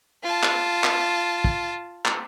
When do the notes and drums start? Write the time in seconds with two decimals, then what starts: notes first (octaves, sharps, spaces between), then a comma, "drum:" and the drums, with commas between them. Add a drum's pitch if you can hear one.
0.23 F4 A5
0.43 drum: clap
0.84 drum: clap
1.45 drum: kick
2.05 drum: clap